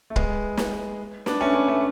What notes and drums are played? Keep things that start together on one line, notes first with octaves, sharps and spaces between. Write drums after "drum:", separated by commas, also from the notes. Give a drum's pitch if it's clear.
A3
G#3 B3, drum: kick
drum: snare
B3 D4, drum: snare
A3 C#4
B3 D4
A3 C#4